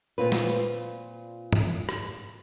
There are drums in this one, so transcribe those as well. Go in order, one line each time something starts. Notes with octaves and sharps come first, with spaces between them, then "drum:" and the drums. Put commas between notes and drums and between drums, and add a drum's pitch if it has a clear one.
A#2 C4 F4 B4
drum: snare
drum: tom G#2
drum: rim click